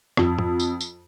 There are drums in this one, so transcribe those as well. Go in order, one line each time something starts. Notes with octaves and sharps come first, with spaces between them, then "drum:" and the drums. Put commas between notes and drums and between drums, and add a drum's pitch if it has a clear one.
F2, drum: rim click
drum: tom
drum: tambourine
drum: tambourine